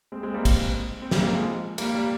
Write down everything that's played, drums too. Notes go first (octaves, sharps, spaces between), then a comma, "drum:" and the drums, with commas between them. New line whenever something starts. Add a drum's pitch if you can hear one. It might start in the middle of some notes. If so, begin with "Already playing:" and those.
G#3 C4
G#3 C4
G3 A#3
drum: kick, cymbal
C4
G3 A#3, drum: snare
G3 A#3
F3 G#3
G3 A#3, drum: cymbal
G3 A#3